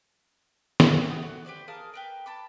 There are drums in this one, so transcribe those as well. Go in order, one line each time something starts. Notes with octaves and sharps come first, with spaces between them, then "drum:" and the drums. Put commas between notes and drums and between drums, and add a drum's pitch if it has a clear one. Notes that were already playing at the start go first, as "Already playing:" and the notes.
drum: snare
A3 F#4 G4 D#6
F#4
G4 B4 C5 D5
G#4 A#4 F5 A5
A#4 B4 G5
A5 B5 D6